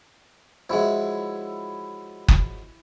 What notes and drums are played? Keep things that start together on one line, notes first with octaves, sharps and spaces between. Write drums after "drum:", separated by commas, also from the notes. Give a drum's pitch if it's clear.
F3 F#3 G#3 E4
drum: kick F#1